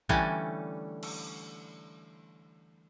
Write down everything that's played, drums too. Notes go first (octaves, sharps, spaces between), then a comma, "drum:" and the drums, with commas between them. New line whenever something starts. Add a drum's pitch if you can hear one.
D3 E3 G3 A3 C#4, drum: kick A#1
drum: cymbal